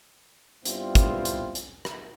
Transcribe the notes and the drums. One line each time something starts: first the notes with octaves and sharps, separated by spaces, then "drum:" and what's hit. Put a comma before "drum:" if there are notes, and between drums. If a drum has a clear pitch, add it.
G2 G3 B3 C4 E4 F4, drum: hi-hat
drum: kick, hi-hat
drum: hi-hat
drum: hi-hat
drum: rim click